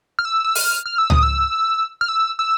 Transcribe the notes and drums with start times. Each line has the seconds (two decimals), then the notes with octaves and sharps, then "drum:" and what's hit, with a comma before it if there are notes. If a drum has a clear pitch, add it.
0.19 F6
0.25 E6
0.44 E6
0.55 F6, drum: open hi-hat
0.86 F6
0.98 E6
1.10 D#6, drum: tom C#2
1.23 E6
2.01 F6
2.08 E6
2.39 E6